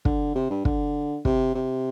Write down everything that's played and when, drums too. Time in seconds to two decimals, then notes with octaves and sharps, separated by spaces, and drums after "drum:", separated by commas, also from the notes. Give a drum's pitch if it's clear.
0.05 D3, drum: kick
0.35 C3
0.50 G2
0.65 D3, drum: kick
1.25 C3, drum: kick
1.55 C3